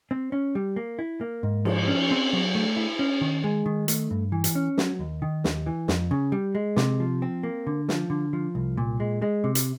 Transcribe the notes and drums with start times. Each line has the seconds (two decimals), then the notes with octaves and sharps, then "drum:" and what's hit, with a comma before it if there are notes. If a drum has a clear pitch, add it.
0.11 C4
0.32 C#4
0.55 G3
0.76 A#3
0.99 E4
1.21 A#3
1.43 G#2
1.65 F3, drum: cymbal
1.88 C#4
2.11 C4
2.33 F#3
2.55 A3
2.76 E4
2.99 C#4
3.21 D#3
3.44 G#3
3.66 D#3
3.88 A3, drum: hi-hat
4.11 G2
4.32 E3
4.44 drum: hi-hat
4.55 C#4
4.78 F#3, drum: snare
4.99 D#2
5.22 D#3
5.44 D#2, drum: snare
5.66 E3
5.88 F2, drum: snare
6.11 C#3
6.32 G3
6.55 G#3
6.76 C3, drum: snare
7.00 F3
7.22 C4
7.43 A#3
7.67 D3
7.89 F3, drum: snare
8.10 D3
8.33 F3
8.55 C2
8.77 A#2
9.00 G#3
9.22 G#3
9.44 C3
9.55 drum: hi-hat